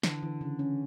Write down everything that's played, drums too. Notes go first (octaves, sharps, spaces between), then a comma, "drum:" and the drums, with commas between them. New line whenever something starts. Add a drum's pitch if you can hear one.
D3 E3, drum: snare
E3
C#3
C#4